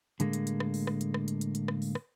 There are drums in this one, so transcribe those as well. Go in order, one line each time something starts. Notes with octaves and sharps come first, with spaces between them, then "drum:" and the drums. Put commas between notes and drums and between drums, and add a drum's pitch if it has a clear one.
A2 D3 G#3 A#3, drum: hi-hat
drum: hi-hat
drum: hi-hat
drum: rim click
drum: open hi-hat
drum: rim click
drum: hi-hat
drum: rim click
drum: hi-hat
drum: hi-hat
drum: hi-hat
drum: rim click
drum: open hi-hat
drum: rim click